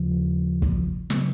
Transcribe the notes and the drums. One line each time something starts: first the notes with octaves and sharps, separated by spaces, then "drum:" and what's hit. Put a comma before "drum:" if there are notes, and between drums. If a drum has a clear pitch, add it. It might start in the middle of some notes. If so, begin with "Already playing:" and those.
Already playing: D#2 C#3 F3
drum: kick
C#3 F#3 B3, drum: snare